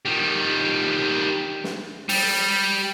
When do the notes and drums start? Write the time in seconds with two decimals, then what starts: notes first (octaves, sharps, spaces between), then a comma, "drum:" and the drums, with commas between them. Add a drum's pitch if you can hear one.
0.06 D#3 G3
1.64 drum: snare
2.09 G3, drum: open hi-hat